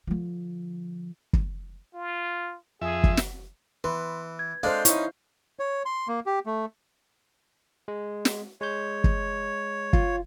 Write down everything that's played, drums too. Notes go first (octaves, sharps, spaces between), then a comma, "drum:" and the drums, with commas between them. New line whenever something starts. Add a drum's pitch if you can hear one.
D3 F3
drum: kick
F4
F2 G#4 E5
drum: kick
drum: snare
E3 B4 C6
G#6
G#3 D4 A4 C5 F5
C#4 D#4 E4 C#6, drum: hi-hat
C#5
C6
A#3
G4
A3
G#3
drum: snare
G#3 C#5 G6
drum: kick
F4, drum: kick